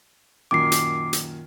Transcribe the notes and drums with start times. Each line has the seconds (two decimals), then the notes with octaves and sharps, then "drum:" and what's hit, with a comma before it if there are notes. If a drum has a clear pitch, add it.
0.51 F#2 A#2 D#3 D6 C7
0.72 drum: hi-hat
1.13 drum: hi-hat